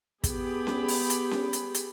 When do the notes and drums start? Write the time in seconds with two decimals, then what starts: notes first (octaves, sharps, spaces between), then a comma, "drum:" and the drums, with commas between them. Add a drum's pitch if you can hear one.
0.24 B3 G4 G#4 B5, drum: kick, hi-hat
0.67 drum: snare C#4
0.88 drum: open hi-hat
1.10 drum: hi-hat
1.31 drum: snare C#4
1.53 drum: hi-hat
1.74 drum: hi-hat